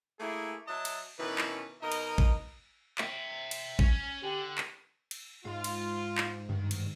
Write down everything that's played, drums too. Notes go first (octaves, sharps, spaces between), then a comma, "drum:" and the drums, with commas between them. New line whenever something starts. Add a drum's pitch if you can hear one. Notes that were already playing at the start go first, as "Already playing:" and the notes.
A3 A#3 E4 G#4
F#3 D#5 E5 A5
drum: cymbal
B2 D#3 E3 C#4 B4
drum: clap
B2 D#4 A#4 D#5
drum: cymbal
drum: kick A1
E5 G5, drum: clap
drum: cymbal
C#4 C#5, drum: kick A1
D3 G4
drum: clap
drum: cymbal
G#2 F4 F5 C6
drum: cymbal
drum: clap
G2 D#3
drum: cymbal